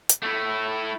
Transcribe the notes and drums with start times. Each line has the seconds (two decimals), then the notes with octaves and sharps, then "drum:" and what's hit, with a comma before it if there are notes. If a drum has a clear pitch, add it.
0.09 drum: hi-hat
0.23 A3 E4